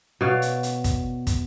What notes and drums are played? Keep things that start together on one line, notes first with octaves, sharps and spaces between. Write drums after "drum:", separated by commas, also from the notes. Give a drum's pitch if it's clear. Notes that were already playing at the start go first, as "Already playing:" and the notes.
B2 C#5 D5 F5
drum: hi-hat
drum: hi-hat
drum: kick, hi-hat
drum: kick, hi-hat